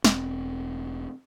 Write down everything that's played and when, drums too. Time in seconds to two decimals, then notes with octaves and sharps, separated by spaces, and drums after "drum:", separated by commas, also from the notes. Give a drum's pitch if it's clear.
0.04 E1 C4, drum: snare